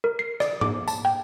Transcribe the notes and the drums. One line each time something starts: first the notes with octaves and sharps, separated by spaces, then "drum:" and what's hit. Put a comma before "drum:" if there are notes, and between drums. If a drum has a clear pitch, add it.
A#4
C7
D5, drum: rim click
D6, drum: tom G#2
A5, drum: tambourine
G5